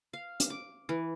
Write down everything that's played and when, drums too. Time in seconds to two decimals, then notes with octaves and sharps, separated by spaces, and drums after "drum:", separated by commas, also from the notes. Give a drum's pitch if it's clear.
0.13 F5
0.40 drum: hi-hat
0.50 D6
0.89 E3